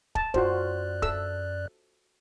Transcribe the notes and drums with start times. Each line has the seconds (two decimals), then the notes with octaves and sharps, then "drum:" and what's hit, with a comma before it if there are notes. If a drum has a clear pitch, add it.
0.15 A5, drum: kick
0.34 F#2 F4 F#4 C5 D5 F#6, drum: kick
1.02 A4 E6, drum: kick